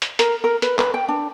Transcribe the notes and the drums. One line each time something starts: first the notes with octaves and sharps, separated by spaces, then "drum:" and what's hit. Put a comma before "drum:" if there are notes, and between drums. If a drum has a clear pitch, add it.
drum: hi-hat
A#4, drum: hi-hat
A#4
B4, drum: hi-hat
B4, drum: clap
G5
D4